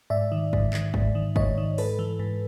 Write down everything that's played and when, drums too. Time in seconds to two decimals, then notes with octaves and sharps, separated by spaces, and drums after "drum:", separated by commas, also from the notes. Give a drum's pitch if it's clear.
0.10 G#2 D5 E5
0.32 D#3
0.53 G#2, drum: kick
0.73 D#3, drum: clap
0.94 G#2, drum: kick
1.15 D#3
1.36 G#2 C#5 D#5, drum: kick
1.58 D#3
1.78 G#2 A4 B4, drum: open hi-hat
1.99 E3
2.19 G#2